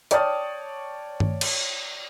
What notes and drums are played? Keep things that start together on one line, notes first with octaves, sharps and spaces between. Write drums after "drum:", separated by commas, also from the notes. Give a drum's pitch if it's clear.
C#5 D5 G5 A5 D#6 F6, drum: hi-hat
drum: tom G2
drum: cymbal